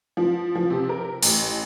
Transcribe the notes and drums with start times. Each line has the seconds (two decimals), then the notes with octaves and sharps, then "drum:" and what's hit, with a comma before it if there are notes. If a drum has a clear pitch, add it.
0.17 F3
0.55 F3
0.70 C3
0.89 A#4
1.23 A1, drum: open hi-hat